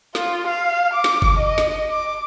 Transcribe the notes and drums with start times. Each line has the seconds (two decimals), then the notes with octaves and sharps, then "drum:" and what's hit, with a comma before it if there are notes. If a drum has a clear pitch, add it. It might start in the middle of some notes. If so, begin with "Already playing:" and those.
0.15 F4, drum: snare
0.47 F5
0.94 D6
1.04 drum: snare
1.22 drum: kick F#1
1.39 D#5
1.58 drum: snare
1.90 D6